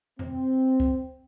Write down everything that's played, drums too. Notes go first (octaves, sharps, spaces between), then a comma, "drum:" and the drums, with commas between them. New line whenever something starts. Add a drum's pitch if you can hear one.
C4, drum: tom E2
drum: kick